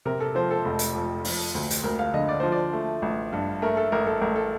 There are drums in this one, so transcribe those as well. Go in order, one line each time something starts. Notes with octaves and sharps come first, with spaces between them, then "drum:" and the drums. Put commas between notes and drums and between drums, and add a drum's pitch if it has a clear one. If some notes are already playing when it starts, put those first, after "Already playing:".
C3 A#4
A4
F3 C5
A4
F1
drum: hi-hat
F2
F3, drum: open hi-hat
D2
drum: hi-hat
D2 A#4
F5
D3 D#5
D5
F3 C5
D5
A3
A1
G2
A3 A#4
A4
A1 A#4
A4
A1 A#4
A4